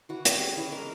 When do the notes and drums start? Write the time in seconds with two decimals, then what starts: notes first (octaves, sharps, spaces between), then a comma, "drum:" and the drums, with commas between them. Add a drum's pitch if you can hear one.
0.09 E3 F#4
0.25 C#4 G4, drum: hi-hat
0.40 C#4 G#4
0.57 E3
0.72 G#3 A#4